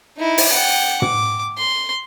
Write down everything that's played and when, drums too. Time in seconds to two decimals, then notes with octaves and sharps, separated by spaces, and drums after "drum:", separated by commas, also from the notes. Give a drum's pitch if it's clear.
0.18 D#4 E4
0.38 drum: open hi-hat
0.52 F#5 G5
1.02 D6, drum: tom
1.58 C6